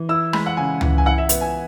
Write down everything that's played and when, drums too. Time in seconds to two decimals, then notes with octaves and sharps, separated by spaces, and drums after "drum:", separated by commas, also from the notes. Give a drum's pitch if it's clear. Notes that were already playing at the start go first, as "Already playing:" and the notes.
Already playing: E3
0.09 E4 E6
0.33 G#3 B5, drum: rim click
0.46 F#5
0.57 C#3 G#5
0.81 E3, drum: tom
0.98 G#5
1.06 E4 F#5
1.18 E5
1.29 B3, drum: hi-hat
1.41 G#5